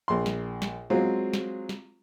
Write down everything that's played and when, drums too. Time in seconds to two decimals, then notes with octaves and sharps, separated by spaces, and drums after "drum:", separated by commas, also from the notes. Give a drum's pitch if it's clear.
0.08 A#1 C6
0.26 drum: snare
0.62 drum: snare
0.90 F#3 G#3 C4 F4
1.33 drum: snare
1.69 drum: snare